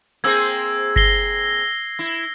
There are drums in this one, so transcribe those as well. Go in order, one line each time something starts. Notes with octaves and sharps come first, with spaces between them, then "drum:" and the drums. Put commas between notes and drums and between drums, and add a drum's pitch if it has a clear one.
A#3 C4 G#4 E6 G#6
A#6 C7 G7, drum: kick G1
E4